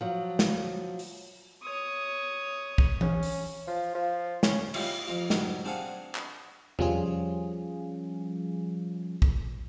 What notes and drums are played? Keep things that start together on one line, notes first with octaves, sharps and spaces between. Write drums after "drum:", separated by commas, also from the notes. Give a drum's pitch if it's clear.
F3 F#3
drum: snare
drum: open hi-hat
C#5 D#6
drum: kick
C#4, drum: tom E3
drum: open hi-hat
F3
F3
C#4, drum: snare
E4 F4 G4 D#5, drum: cymbal
F2 F4
G#2 F#3 G3 D#4, drum: snare
C4 D4 G#4 F5 F#5 G#5
drum: clap
F3 G3 C#4 F4 G#4, drum: tom E2
drum: kick